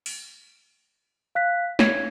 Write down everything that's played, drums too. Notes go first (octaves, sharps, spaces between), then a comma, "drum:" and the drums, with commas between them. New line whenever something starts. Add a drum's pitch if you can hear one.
drum: open hi-hat
F5 F#6 B6
C#5 G#6, drum: snare